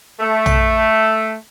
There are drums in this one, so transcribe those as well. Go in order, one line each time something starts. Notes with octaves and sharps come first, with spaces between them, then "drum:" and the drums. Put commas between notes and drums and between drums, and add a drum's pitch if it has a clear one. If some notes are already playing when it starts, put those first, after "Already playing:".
A3
drum: tom